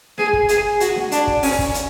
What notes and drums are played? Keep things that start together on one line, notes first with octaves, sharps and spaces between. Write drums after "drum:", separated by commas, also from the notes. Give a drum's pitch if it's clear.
G#4, drum: snare D4
drum: kick
G#4, drum: hi-hat
F#4, drum: hi-hat
drum: snare D4
D4, drum: hi-hat
drum: kick
C#4, drum: open hi-hat
drum: kick
drum: hi-hat